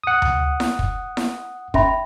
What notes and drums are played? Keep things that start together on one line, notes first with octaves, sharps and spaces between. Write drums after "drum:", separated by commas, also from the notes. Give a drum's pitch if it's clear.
F#5 D#6
drum: tom D2
drum: snare E4
drum: kick
drum: snare E4
C#4 E5 B5, drum: kick